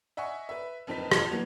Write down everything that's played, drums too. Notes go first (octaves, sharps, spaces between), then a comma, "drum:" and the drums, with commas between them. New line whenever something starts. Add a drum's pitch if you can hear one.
D#5 E5 F#5 G#5 C#6
B4 E5
F#1 F2 C4 D#4 B4 B6
F2 F4 G#6 F7, drum: rim click
E3 F#3 A#3 B3 F7